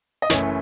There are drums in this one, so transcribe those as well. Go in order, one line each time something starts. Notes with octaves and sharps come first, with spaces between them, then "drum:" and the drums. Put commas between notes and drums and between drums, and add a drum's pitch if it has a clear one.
D#5
F#1 F#2 E3 A3 C#4 C#5, drum: snare